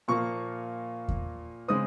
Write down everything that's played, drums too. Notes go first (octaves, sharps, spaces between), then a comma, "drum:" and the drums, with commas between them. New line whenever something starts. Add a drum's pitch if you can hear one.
A#2 F3 A#3 C#6
drum: kick E2
C#3 G#3 C4 D#6